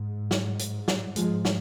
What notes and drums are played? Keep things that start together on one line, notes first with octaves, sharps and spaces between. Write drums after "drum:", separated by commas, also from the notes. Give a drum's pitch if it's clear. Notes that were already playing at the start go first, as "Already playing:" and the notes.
Already playing: G#2
drum: snare
drum: hi-hat
drum: snare
F3 G#3, drum: hi-hat
drum: snare